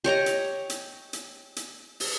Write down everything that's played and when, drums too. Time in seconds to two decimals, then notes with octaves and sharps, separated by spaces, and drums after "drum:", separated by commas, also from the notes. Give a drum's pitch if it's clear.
0.04 G4 C#5 D#5 A#5
0.26 drum: hi-hat
0.70 drum: hi-hat
1.13 drum: hi-hat
1.56 drum: hi-hat
2.00 drum: open hi-hat